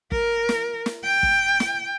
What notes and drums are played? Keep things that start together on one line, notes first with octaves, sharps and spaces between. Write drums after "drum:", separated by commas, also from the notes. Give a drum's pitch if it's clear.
A#4, drum: kick
drum: snare
drum: snare
G5
drum: kick
drum: snare